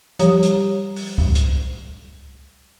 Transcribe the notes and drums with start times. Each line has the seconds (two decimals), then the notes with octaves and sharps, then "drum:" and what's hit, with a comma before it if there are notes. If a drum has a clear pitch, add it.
0.19 F3 G3 G4 C#5 A#5 D#6, drum: hi-hat
0.43 drum: hi-hat
0.96 drum: open hi-hat
1.18 drum: kick C2
1.35 drum: hi-hat